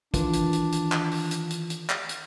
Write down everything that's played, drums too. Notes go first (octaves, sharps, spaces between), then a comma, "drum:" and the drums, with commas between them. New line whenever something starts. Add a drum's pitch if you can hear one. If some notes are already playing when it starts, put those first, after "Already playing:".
D#3 E3 D4 F4, drum: kick, hi-hat
drum: hi-hat
drum: hi-hat
drum: hi-hat
drum: clap
drum: open hi-hat
drum: hi-hat
drum: hi-hat
drum: hi-hat
drum: clap
drum: hi-hat